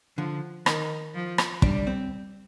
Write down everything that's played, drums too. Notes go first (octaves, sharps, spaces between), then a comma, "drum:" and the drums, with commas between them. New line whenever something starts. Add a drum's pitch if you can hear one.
D3 F3
D#3, drum: rim click
F3
drum: rim click
G3 D4, drum: kick
C4